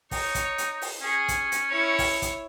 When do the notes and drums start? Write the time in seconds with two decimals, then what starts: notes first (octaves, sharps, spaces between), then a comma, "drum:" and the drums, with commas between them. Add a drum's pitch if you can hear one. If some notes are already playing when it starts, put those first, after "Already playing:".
0.11 D#4 C#5, drum: kick, open hi-hat
0.35 drum: kick, hi-hat
0.58 drum: hi-hat
0.82 drum: open hi-hat
1.01 C#4 G#4
1.28 drum: kick, hi-hat
1.52 drum: hi-hat
1.70 E4 C#5
1.99 drum: kick, open hi-hat
2.22 drum: kick, hi-hat